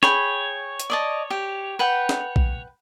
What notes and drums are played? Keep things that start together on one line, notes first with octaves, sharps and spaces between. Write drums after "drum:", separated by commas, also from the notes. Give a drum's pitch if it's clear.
G#4 C#5 G5 B5, drum: snare
drum: hi-hat
D5 D#5 A5
G4
B4 F#5 G5
drum: snare
drum: kick